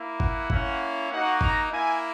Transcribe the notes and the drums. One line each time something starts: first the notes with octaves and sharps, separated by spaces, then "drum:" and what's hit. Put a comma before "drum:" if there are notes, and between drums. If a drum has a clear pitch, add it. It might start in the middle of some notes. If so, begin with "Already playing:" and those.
Already playing: A#3 E4
F#5, drum: kick
A#3 C#4 E4, drum: kick
A#3 D#4 F#4 F#5
A#5, drum: kick
A#3 E4 G#5